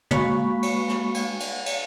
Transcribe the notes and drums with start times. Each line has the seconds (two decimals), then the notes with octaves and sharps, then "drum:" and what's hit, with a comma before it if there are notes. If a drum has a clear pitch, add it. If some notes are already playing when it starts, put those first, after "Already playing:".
0.11 G#3 A#3 F#4 F5 B5 C#6, drum: tom
0.63 drum: cymbal
0.88 drum: rim click
1.14 drum: cymbal
1.40 drum: cymbal
1.66 drum: cymbal